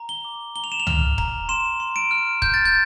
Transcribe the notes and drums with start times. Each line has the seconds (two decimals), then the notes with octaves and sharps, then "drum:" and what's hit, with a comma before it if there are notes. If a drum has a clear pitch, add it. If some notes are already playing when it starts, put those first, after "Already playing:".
Already playing: A#5
0.09 G7
0.25 D6
0.56 A#5 G7
0.64 F7
0.72 E7
0.80 F7
0.87 F6, drum: tom C#2
1.18 A#5, drum: kick
1.49 C6 E7
1.80 C6
1.96 D7
2.11 F6
2.42 F6 G6, drum: kick
2.54 A6
2.65 G6